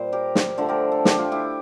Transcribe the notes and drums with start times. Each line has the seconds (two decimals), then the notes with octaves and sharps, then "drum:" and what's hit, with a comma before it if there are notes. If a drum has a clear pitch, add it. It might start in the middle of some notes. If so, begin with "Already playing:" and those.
Already playing: A#2 G3 A#3 C5
0.12 G4 A#4
0.35 drum: snare
0.57 D3 F3 A3 A4 C5
0.69 G4 A#4
0.92 A4
1.05 G4, drum: snare
1.18 F4
1.32 E4 G4